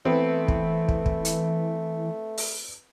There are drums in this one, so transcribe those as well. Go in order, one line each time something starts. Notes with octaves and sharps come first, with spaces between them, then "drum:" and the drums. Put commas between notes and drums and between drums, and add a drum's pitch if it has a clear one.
E3 A3 B3 C4
drum: kick
drum: kick
drum: kick
drum: hi-hat
drum: open hi-hat